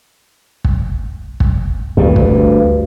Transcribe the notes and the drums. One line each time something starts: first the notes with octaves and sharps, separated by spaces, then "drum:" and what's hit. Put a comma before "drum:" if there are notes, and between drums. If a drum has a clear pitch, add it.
drum: kick
drum: kick
D2 G2
drum: kick